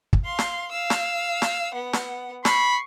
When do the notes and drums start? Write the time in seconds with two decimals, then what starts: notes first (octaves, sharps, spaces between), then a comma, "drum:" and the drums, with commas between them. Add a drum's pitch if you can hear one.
0.13 drum: kick
0.25 F5 C6
0.39 drum: snare
0.72 F5 E6
0.90 drum: snare
1.42 drum: snare
1.74 B3 F#5
1.93 drum: snare
2.45 B5 C#6 C7, drum: snare